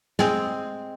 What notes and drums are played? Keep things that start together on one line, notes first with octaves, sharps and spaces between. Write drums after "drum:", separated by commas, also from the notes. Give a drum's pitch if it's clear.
G#3 C4, drum: snare